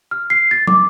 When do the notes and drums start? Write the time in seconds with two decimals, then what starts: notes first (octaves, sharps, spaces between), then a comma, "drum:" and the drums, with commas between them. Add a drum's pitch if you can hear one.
0.11 F6
0.30 C7
0.51 A6
0.67 D6, drum: tom